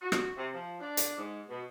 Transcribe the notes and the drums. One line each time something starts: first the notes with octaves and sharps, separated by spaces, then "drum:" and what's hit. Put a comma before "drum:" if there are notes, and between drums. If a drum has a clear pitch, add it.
F#4
drum: rim click
C3
F3
D4
drum: hi-hat
G#2
B2